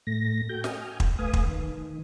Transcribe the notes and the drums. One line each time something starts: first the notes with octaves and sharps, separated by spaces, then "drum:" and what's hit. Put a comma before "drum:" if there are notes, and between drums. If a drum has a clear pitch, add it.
A2 A3 A#6
F#4 A4 G5 G6
G5 G#5 D#6 F6, drum: snare
drum: kick
A3 B4 F5 G#5 D#6
drum: kick
D#3